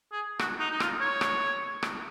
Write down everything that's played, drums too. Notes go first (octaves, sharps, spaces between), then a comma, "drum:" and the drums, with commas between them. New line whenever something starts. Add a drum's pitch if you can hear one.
G#4
F#4, drum: rim click
D#4
D#4
F4, drum: rim click
C#5
drum: rim click
drum: rim click